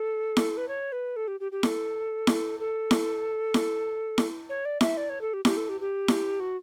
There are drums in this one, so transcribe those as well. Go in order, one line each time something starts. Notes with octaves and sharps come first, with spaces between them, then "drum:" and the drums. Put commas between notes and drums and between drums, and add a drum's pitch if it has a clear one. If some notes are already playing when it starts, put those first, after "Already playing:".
Already playing: A4
drum: snare E4
B4
C#5
B4
A4
G4
G4
G4
A4, drum: snare E4
drum: snare E4
A4
drum: snare E4
drum: snare E4
drum: snare E4
C#5
D5
E5, drum: snare E4
D5
C#5
A4
G4
G4, drum: snare E4
A4
G4
G4
drum: snare E4
F#4